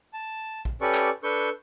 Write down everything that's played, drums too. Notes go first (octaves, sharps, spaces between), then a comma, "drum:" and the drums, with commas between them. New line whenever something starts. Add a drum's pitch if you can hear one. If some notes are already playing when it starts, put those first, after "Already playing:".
A5
drum: kick A#1
C#4 G4 A4 B4 D5 C#6
drum: clap
D4 A4 B4 C#6 G6